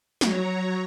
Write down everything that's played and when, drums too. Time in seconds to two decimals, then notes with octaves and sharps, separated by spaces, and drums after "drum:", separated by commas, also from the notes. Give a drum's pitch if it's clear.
0.21 F#3 C#5 A#5, drum: snare